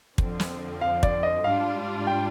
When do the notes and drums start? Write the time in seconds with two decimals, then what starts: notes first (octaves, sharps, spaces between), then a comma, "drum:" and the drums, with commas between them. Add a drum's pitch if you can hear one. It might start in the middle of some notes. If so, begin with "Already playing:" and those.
0.18 F2 D3 F3 C4, drum: kick
0.40 drum: snare
0.81 F5
1.03 D5, drum: kick
1.23 D#5
1.44 G#2 G3 D4 F4 F5
2.07 G5